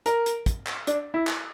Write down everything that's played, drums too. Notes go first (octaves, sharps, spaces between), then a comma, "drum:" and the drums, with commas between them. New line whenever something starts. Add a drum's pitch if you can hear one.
A#4, drum: hi-hat
drum: hi-hat
drum: kick, hi-hat
drum: clap
D4, drum: hi-hat
E4
drum: clap